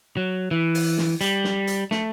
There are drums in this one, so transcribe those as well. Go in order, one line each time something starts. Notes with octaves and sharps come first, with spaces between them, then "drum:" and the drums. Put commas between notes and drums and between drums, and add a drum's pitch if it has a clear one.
F#3
E3
drum: open hi-hat
drum: snare
G3, drum: hi-hat
drum: snare
drum: hi-hat
A3, drum: snare